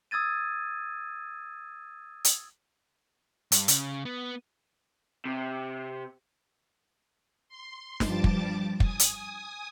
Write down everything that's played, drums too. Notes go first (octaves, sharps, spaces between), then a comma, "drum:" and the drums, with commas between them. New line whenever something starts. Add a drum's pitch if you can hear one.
D#6 E6 G#6 A6 D#7
drum: hi-hat
G2, drum: hi-hat
C#3, drum: hi-hat
B3
C3
C6
G2 F3 G3 A5 D6 A6, drum: snare
drum: kick
G#5 D#6, drum: kick
drum: hi-hat